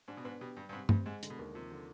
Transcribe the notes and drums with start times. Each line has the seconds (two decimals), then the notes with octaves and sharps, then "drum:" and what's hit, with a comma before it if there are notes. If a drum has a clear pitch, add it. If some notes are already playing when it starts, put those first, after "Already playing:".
0.08 G#2 D4
0.17 B2
0.24 G#2 B3
0.40 B2 G4
0.57 G2 G3
0.69 G2
0.73 G#2 C3
0.89 G2 C4, drum: tom G2
1.06 G#2 G#3
1.23 D3, drum: hi-hat
1.30 B2
1.39 D#2
1.55 C3 F3
1.72 D3